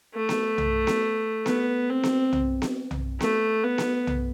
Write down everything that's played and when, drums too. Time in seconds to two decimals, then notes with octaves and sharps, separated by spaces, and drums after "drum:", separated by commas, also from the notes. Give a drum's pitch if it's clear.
0.15 A3
0.29 drum: snare B3
0.58 drum: tom B1
0.87 drum: snare B3
1.46 B3, drum: snare B3
1.89 C4
2.03 drum: snare B3
2.33 drum: tom B1
2.62 drum: snare B3
2.91 drum: tom B1
3.20 A3, drum: snare B3
3.64 B3
3.78 drum: snare B3
4.07 drum: tom B1